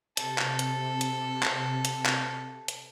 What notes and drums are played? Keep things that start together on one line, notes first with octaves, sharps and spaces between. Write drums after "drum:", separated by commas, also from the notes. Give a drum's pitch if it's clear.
C3 A4, drum: hi-hat
drum: clap
drum: hi-hat
drum: hi-hat
drum: clap
drum: hi-hat
drum: clap
drum: hi-hat